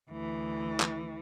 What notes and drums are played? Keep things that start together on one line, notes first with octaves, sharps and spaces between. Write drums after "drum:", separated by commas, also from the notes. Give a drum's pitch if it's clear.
D2 E3
drum: clap